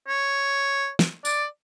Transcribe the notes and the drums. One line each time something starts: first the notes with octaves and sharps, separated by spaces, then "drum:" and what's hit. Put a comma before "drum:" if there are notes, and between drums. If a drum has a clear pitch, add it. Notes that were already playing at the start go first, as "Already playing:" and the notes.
C#5
drum: snare
D5, drum: tambourine